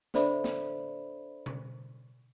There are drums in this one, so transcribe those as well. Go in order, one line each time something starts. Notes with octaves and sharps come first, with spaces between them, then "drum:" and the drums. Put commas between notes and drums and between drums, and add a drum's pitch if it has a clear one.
D4 A4 C5 D5 E5 B5, drum: snare
drum: snare
drum: tom B2